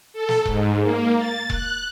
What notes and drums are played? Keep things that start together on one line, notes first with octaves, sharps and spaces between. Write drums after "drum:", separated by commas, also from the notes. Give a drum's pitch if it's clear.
A4
drum: snare
G#2, drum: kick E1
A#3
A6
F#6, drum: kick E1